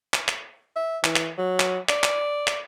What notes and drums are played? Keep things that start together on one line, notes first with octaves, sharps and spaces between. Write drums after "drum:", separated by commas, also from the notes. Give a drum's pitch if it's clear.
drum: clap
drum: clap
E5
E3, drum: clap
drum: clap
F#3
drum: clap
D5, drum: clap
drum: clap
drum: clap